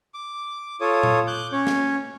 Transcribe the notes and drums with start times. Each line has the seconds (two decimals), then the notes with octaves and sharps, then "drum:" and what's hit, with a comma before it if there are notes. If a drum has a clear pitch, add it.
0.14 D6
0.81 F4 A4 C#5 D#6
1.03 drum: tom A#2
1.27 D6 F#6 G6
1.52 C#4 C#5
1.67 drum: snare